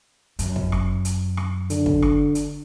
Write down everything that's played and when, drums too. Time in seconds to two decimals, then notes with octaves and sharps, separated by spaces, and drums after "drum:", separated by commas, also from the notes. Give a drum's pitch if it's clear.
0.39 F#2, drum: hi-hat
0.56 drum: kick
0.72 drum: rim click
1.05 drum: hi-hat
1.37 drum: rim click
1.70 D3, drum: hi-hat
1.86 drum: kick
2.02 drum: rim click
2.35 drum: hi-hat